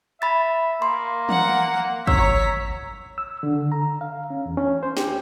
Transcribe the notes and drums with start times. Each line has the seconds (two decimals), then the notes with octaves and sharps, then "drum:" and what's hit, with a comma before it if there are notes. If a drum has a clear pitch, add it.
0.22 E5 B5 A6
0.82 A#3 C6
1.29 F#5 A#5, drum: tom E3
2.07 C#5 A#5 E6 B6, drum: kick
3.18 E6
3.43 D3
3.72 A#5
4.01 F5
4.30 C#4
4.46 E2
4.57 C#4
4.83 C5
4.97 G4, drum: snare